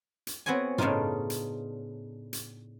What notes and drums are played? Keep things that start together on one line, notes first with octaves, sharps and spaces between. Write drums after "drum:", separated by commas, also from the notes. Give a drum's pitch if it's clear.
drum: hi-hat
B3 C4 F#4 C#5 G#5
A2 C#3 D4 D#4 F4, drum: tom G2
drum: hi-hat
drum: hi-hat